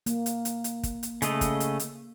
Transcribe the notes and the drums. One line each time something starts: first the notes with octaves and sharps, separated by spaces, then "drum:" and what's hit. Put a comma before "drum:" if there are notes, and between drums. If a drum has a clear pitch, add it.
A#3, drum: hi-hat
drum: hi-hat
drum: hi-hat
drum: hi-hat
drum: kick, hi-hat
drum: hi-hat
C#3 A3 D#5, drum: hi-hat
drum: kick, hi-hat
drum: hi-hat
drum: hi-hat